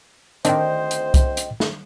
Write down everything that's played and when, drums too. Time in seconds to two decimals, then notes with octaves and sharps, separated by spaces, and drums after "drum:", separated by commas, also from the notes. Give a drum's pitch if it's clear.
0.45 D2 D#3 C4 D4 C5 D#5 G5, drum: hi-hat
0.91 drum: hi-hat
1.14 drum: kick C2, hi-hat
1.37 drum: hi-hat
1.60 drum: snare